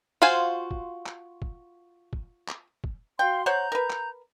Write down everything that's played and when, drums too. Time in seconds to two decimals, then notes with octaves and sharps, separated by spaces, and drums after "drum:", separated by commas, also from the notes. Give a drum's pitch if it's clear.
0.22 F4 F#4 C5 F5 G#5
0.71 drum: kick
1.06 drum: clap
1.42 drum: kick
2.13 drum: kick
2.48 drum: clap
2.84 drum: kick
3.19 F#4 F5 G5 C6
3.46 C5 C#5 F#5 A#5 G6
3.72 A#4 B4
3.90 drum: clap